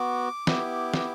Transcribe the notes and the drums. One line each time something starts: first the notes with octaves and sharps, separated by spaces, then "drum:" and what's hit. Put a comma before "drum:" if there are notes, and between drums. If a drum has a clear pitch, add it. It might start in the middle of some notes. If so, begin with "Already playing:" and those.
Already playing: B3 F#4 D6
B3 E4 G4, drum: snare
drum: snare